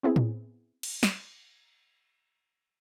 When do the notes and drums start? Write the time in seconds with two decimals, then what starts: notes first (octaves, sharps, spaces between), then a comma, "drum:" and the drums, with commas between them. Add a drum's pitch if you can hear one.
0.03 B3 C4 E4 G#4
0.16 drum: tom A2
0.83 drum: cymbal
1.03 drum: snare